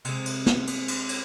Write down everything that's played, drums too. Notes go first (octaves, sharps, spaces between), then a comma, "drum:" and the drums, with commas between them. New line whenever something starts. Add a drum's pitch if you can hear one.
C3 G#3, drum: cymbal
drum: cymbal
drum: snare
drum: cymbal
drum: cymbal
drum: cymbal